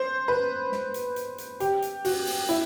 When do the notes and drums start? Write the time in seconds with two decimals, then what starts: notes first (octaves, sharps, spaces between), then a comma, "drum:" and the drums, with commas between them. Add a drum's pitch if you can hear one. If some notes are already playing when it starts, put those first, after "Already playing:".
Already playing: C5
0.28 B4
0.72 drum: snare
0.94 drum: hi-hat
1.16 drum: hi-hat
1.38 drum: hi-hat
1.60 G4, drum: hi-hat
1.82 drum: hi-hat
2.05 F#4, drum: open hi-hat
2.26 drum: open hi-hat
2.49 E4, drum: hi-hat